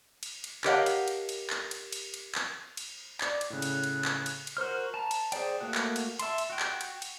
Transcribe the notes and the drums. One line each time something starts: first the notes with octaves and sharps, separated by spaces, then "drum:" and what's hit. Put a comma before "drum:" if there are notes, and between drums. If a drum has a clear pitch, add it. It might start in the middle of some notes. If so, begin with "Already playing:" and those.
drum: cymbal
drum: cymbal
G4 A#4 C#5 D#5 F5 F#5, drum: clap
drum: cymbal
drum: cymbal
drum: cymbal
drum: clap
drum: cymbal
drum: cymbal
drum: cymbal
drum: clap
drum: cymbal
D5, drum: clap
drum: cymbal
A2 C#3 F#6
drum: cymbal
drum: cymbal
drum: clap
drum: cymbal
drum: cymbal
F#4 A#4 C5 F6
A5 A#5
drum: cymbal
G#4 C5 D5 G5, drum: cymbal
A3 A#3 F#4 F#5
drum: clap
drum: cymbal
E5 A5 C6, drum: cymbal
drum: cymbal
F#4 G5
drum: clap
drum: cymbal
drum: cymbal